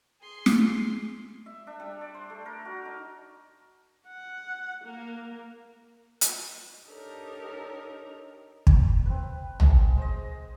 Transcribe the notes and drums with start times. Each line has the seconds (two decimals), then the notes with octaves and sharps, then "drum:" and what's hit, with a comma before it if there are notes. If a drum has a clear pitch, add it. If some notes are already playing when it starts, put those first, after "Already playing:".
0.22 G#4 C6
0.46 drum: snare
1.46 E5
1.67 D4
1.80 G3
2.01 D5
2.14 C5
2.30 A3
2.46 A#4
2.65 F#4
2.85 D#4
4.09 F#5
4.85 A#3
6.21 drum: hi-hat
6.87 D4 D#4 G4 A4 A#4 C#5
8.67 drum: kick
9.06 C4 B4
9.60 G#3, drum: tom A#1
9.98 C5 D#5